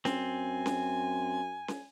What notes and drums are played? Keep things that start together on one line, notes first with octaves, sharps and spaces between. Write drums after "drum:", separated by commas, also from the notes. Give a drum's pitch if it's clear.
F#2 C4 G#5, drum: snare C#4
drum: snare C#4
drum: snare C#4